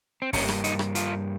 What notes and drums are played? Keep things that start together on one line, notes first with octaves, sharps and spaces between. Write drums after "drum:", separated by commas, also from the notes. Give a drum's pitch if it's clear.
C4
G2 G3 A#3 C#4, drum: kick, open hi-hat
drum: rim click
D#4, drum: hi-hat
drum: rim click
F4, drum: hi-hat